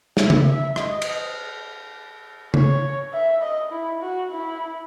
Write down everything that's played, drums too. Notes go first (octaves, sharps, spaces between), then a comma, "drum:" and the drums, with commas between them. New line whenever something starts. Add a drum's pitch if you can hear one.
E5, drum: snare
drum: tom C#3
E5
D#5, drum: rim click
drum: cymbal
C#5, drum: tom C#3
E5
D#5
E4
F#4
E4